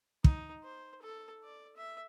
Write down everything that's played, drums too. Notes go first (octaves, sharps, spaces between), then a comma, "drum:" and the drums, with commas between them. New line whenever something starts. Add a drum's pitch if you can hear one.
D#4, drum: kick
C5
A4
D5
E5